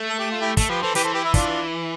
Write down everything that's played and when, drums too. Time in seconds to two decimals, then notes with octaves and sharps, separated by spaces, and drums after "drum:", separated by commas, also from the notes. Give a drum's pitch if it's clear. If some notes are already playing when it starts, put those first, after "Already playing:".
Already playing: A3
0.09 A4
0.19 G4
0.32 F4
0.41 E4 G4
0.57 A3 A4, drum: kick, hi-hat
0.69 F3 G4 B4
0.82 E3 A4 C5
0.95 E3 G4 B4, drum: hi-hat
1.04 A4 C5
1.14 G4 B4
1.24 E4
1.34 D4 F4, drum: kick, hi-hat